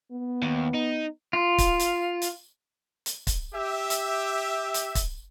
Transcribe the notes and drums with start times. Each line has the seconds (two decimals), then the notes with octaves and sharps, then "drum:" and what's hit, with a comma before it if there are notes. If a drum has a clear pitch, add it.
0.12 B3
0.42 D#2
0.74 D#4
1.33 F4
1.58 drum: kick, hi-hat
1.79 drum: hi-hat
2.22 drum: hi-hat
3.06 drum: hi-hat
3.27 drum: kick, hi-hat
3.54 G4 E5
3.90 drum: hi-hat
4.74 drum: hi-hat
4.95 drum: kick, hi-hat